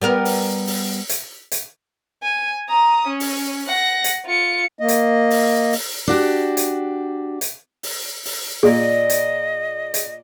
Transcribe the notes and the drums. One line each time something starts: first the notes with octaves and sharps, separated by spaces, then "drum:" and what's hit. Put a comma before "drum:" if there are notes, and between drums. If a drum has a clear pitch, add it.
G3 B3 A#4
drum: open hi-hat
drum: open hi-hat
drum: hi-hat
drum: hi-hat
G#5
A#5 D#6
C#4
drum: open hi-hat
F#5 A#6
drum: hi-hat
F4 C#7
A#3 D#5
drum: hi-hat
drum: open hi-hat
drum: open hi-hat
D4 F#4 G4
drum: hi-hat
drum: hi-hat
drum: open hi-hat
drum: open hi-hat
A#2 G#4 D5 D#5
drum: hi-hat
drum: hi-hat